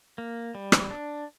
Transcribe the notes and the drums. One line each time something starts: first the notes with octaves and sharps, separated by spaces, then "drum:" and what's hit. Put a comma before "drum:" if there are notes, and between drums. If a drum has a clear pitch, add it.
A#3
G3
drum: rim click
D4